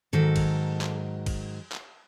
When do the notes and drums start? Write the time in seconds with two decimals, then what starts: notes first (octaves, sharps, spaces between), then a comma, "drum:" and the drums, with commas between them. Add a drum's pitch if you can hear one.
0.13 G#2 D#3 F#3 A4
0.36 drum: kick, cymbal
0.81 drum: clap
1.26 drum: kick, cymbal
1.72 drum: clap